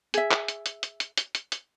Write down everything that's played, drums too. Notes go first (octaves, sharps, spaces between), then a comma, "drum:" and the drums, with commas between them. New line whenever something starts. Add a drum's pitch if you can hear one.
G#4 E5, drum: hi-hat
drum: clap
drum: hi-hat
drum: hi-hat
drum: hi-hat
drum: hi-hat
drum: hi-hat
drum: hi-hat
drum: hi-hat